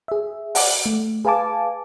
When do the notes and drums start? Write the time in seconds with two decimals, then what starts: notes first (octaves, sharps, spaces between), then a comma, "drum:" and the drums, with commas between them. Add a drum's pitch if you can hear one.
0.08 G#4 E5
0.55 D5 F#5, drum: open hi-hat
0.86 A3
1.25 G#4 B4 F5 G#5 A5 D6